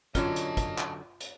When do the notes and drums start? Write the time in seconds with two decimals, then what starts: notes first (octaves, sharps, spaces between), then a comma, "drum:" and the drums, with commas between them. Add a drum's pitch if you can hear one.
0.15 D3 F#3 C#4 F4 D#5 A5, drum: kick, hi-hat
0.36 drum: hi-hat
0.57 drum: kick, hi-hat
0.78 drum: clap
1.20 drum: hi-hat